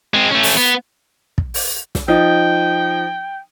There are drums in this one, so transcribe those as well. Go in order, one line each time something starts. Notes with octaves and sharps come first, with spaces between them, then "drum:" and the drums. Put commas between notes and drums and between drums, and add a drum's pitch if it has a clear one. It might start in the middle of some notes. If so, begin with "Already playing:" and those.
G#3 C4
A3 C#4
drum: open hi-hat
B3
drum: kick
drum: open hi-hat
drum: snare
F3 D#4 G5